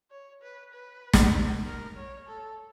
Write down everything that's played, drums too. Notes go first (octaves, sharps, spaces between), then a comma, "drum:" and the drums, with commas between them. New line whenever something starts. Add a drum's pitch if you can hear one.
C#5
B4
B4
drum: snare
A#4
C#5
A4